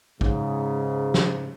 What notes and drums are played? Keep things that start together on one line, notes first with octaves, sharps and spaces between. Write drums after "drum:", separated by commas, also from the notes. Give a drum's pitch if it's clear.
G#2 C#3, drum: kick
drum: snare